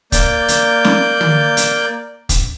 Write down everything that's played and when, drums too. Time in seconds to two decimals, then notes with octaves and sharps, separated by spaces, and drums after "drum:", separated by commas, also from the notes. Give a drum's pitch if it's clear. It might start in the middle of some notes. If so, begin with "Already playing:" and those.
0.12 A#3 D5 G6, drum: kick, hi-hat
0.48 drum: hi-hat
0.85 drum: snare
1.21 drum: tom
1.57 drum: hi-hat
2.29 drum: kick, hi-hat